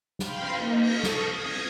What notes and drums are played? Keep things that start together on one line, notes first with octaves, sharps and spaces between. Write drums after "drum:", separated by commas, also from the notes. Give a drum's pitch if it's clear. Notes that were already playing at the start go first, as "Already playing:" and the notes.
F5 G5 B5 C6, drum: snare
drum: cymbal
A#3 D#4
drum: cymbal
A4 C#6 D#6
drum: snare
D#6 G#6
drum: cymbal